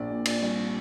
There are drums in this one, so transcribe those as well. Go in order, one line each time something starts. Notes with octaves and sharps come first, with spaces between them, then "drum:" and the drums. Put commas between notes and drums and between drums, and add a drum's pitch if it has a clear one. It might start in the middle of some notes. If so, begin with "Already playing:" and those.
Already playing: A#1 D5
A#2
A#2 D5, drum: cymbal
G3